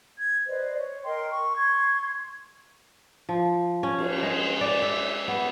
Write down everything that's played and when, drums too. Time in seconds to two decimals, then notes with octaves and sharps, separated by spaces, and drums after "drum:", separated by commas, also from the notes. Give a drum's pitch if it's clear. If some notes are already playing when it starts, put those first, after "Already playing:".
0.17 G#6
0.47 B4 C5 D5 D#5
0.78 C#5
1.04 A#4 D#5 G5 C6
1.32 C#6
1.56 C6 C#6 G#6
3.29 F3
3.83 C#4
3.99 drum: cymbal
4.23 G#3
4.61 D5
4.82 E5
5.28 B3